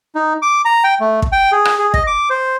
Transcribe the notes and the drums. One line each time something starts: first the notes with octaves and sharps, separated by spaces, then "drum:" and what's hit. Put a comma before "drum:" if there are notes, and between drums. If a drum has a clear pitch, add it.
D#4
D6
A#5
G5
A3
drum: kick
G5
G#4
drum: rim click
G#4
D#5, drum: kick
D6
C5